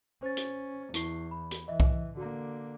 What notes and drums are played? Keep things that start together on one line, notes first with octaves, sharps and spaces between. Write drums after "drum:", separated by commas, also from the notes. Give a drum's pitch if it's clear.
C#4 C5 A6
drum: hi-hat
E2 E4 C#6 C7, drum: hi-hat
B5
drum: hi-hat
E3 D#5 E5
drum: kick B1
D3 A#3 F#4